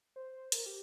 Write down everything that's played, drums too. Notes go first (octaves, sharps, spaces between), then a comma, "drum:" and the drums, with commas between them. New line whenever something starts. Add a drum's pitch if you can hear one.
C5
A#4, drum: hi-hat
G4